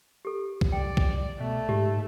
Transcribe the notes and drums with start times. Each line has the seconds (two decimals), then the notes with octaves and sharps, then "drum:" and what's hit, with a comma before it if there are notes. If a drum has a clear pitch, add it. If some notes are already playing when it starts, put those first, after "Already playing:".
0.25 G4 A4
0.61 drum: kick C2
0.72 C2 D5 G5
0.97 drum: kick C2
1.41 B2 A3
1.69 G#2 G#3 G4